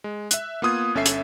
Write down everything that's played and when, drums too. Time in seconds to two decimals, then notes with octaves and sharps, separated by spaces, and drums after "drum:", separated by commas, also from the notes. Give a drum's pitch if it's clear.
0.04 G#3
0.31 E5 F#6, drum: hi-hat
0.62 A#3 B3 F4 D#6 F#6 G#6
0.95 G1 C#4 A4 E5 C7
1.06 drum: hi-hat